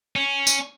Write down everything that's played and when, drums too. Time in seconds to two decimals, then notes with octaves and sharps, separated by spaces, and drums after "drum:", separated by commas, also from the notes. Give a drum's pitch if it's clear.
0.16 C#4
0.47 drum: tambourine